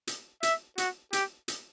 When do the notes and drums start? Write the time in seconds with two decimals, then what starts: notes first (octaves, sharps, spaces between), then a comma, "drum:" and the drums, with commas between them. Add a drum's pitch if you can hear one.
0.07 drum: hi-hat
0.43 E5, drum: hi-hat
0.78 F#4, drum: hi-hat
1.13 G4, drum: hi-hat
1.48 drum: hi-hat